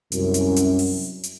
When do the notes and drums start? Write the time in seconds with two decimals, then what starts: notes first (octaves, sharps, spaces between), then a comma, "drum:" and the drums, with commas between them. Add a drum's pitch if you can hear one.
0.12 C2 F#2, drum: hi-hat
0.34 drum: hi-hat
0.56 drum: hi-hat
0.79 drum: open hi-hat
1.23 drum: hi-hat